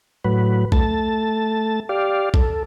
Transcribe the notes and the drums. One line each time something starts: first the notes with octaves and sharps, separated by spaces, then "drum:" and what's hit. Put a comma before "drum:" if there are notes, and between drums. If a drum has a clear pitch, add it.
A2 F#3 B4
A3 A5, drum: kick B1
G4 D5 F5
A4, drum: kick B1